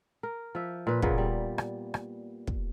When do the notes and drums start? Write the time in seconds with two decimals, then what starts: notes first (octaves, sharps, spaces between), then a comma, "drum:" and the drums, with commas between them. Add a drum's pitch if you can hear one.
0.23 A#4
0.55 F3 E5
0.87 A#2 B4
1.02 A#2 C#3 A#3 B3, drum: kick
1.18 G3
1.58 drum: rim click
1.94 drum: rim click
2.47 drum: kick